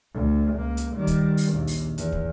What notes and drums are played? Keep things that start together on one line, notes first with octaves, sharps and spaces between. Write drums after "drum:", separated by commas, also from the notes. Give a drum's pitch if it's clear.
D2
C#2 A#3
drum: hi-hat
D#3 G3
drum: kick, hi-hat
drum: open hi-hat
A#1 D#2
drum: open hi-hat
E2, drum: hi-hat
drum: kick